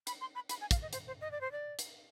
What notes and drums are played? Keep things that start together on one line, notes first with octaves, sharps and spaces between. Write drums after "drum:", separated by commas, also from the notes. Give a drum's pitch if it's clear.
B5, drum: hi-hat
C6
B5
B5, drum: hi-hat
G#5
F5, drum: kick, hi-hat
D#5
C5, drum: hi-hat
C5
D#5
D5
C5
D5
drum: hi-hat